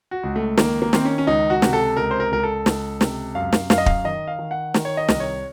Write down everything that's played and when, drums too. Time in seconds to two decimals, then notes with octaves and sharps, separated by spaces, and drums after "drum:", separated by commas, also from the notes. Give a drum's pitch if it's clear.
0.11 F#4
0.23 C#2
0.36 A3
0.58 D#3 A#3, drum: snare
0.82 A#3
0.93 D#3 C4, drum: snare
1.05 C#4
1.18 C#4
1.27 C#2 D#4
1.50 F#4
1.62 C3, drum: snare
1.73 A4
1.97 C#2 A#4
2.11 C5
2.20 A#4
2.31 C#2 A#4
2.43 A4
2.66 C#2, drum: snare
3.01 C3, drum: snare
3.35 F#2 F5
3.53 drum: snare
3.70 F#2 F5, drum: snare
3.78 D#5
3.86 F5, drum: kick
4.04 D#3 D#5
4.28 F5
4.39 D#3
4.51 F#5
4.74 D#3, drum: snare
4.85 C#5
4.97 D#5
5.08 C2, drum: snare
5.20 C#5